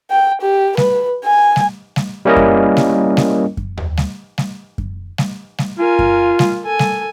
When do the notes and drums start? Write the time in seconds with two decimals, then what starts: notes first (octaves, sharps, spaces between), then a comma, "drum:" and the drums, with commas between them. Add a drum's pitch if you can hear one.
0.11 G5
0.41 G4
0.77 B4, drum: snare G3
1.24 G#5
1.56 drum: snare G3
1.96 drum: snare G3
2.25 G3 A#3 C#4 E4 A#4 D#5
2.36 drum: kick F#2
2.77 drum: snare G3
3.17 drum: snare G3
3.57 drum: kick F#2
3.77 drum: tom D#2
3.98 drum: snare G3
4.38 drum: snare G3
4.78 drum: kick F#2
5.18 drum: snare G3
5.59 drum: snare G3
5.79 F4 A#4 G#5
5.99 drum: kick F#2
6.39 drum: snare G3
6.64 A4 G#5
6.79 drum: snare G3